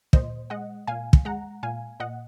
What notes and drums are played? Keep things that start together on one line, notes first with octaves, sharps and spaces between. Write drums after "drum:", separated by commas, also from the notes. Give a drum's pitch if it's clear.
A#2 C5 D#5, drum: kick
G#3 D#5 F#5
A#2 F5 G#5
drum: kick
G#3 F#5 A#5
A#2 F5 G#5
A#2 D#5 F#5